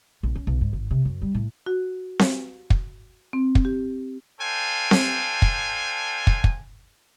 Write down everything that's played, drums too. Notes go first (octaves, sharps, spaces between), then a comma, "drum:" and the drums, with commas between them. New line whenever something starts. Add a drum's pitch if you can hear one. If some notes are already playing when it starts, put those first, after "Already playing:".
A#1
C#4
B1
G#2
G#1
C3
F#2
G3
A2
F#4
drum: snare C4
drum: kick
C4
drum: kick
G4
D4 A4 C5 F5 G5 G#5
drum: snare C4
drum: kick
drum: kick
drum: kick